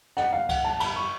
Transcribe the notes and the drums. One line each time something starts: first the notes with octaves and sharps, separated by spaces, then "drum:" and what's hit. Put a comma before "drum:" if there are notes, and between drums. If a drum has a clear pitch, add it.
F#5, drum: rim click
F5
F#5, drum: kick C2, cymbal
A5
B5, drum: cymbal
C#6